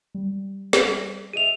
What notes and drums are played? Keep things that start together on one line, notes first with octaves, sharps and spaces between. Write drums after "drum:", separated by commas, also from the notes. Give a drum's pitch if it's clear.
G3
drum: snare
G#4 D#5 E5 D#7 F7